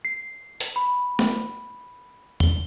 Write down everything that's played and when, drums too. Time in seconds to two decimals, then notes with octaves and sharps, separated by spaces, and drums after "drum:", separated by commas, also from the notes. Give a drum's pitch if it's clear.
0.05 C7
0.60 drum: hi-hat
0.76 B5
1.19 drum: snare A3
2.40 G7, drum: tom